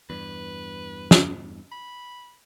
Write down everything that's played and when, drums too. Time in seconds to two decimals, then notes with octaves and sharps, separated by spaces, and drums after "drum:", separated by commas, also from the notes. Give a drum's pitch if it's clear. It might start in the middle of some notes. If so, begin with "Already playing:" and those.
0.10 E2 G2 B4
1.11 drum: snare
1.72 B5